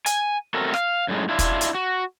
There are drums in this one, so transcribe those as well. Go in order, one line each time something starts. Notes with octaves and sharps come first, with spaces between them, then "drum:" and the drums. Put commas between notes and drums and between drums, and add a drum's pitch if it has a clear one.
G#5, drum: hi-hat
A3 C4 F#4 A4 A#4
F5, drum: rim click
F#2 A2 G3 G#3
D4 E4 F4
drum: kick, hi-hat
drum: hi-hat
F#4